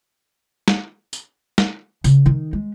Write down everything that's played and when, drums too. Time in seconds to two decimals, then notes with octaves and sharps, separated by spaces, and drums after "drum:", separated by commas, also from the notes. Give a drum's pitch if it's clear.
0.68 drum: snare
1.13 drum: tambourine
1.58 drum: snare
2.04 C#3, drum: tambourine
2.26 D#3 D#4
2.53 G#3